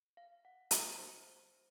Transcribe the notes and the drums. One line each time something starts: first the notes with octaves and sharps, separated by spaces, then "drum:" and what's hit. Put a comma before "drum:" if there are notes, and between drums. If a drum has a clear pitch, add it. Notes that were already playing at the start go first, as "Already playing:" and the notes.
F5
F#5
F5, drum: hi-hat
C5